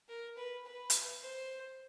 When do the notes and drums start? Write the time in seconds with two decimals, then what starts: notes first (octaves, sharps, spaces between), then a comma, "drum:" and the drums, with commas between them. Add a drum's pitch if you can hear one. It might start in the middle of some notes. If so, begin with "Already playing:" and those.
0.08 A#4
0.37 B4
0.65 B4
0.90 drum: hi-hat
1.21 C5